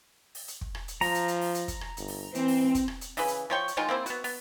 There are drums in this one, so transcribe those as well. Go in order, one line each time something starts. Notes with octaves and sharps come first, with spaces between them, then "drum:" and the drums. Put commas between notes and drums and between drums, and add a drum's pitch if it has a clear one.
drum: open hi-hat
drum: hi-hat
drum: kick
drum: rim click
drum: hi-hat
F3 A#5, drum: open hi-hat
drum: hi-hat
drum: hi-hat
drum: open hi-hat
drum: hi-hat
drum: kick, hi-hat
drum: rim click
G1, drum: hi-hat
drum: open hi-hat
E3 C4, drum: hi-hat
drum: open hi-hat
drum: kick, hi-hat
drum: rim click
drum: hi-hat
C#3 E3 G#4 B4, drum: open hi-hat
drum: hi-hat
F3 C#5 G5 C#6
drum: hi-hat
D#3 G#3 D#4 F4
A#3 C4 E4 C5
B3 F#4, drum: hi-hat
B3, drum: open hi-hat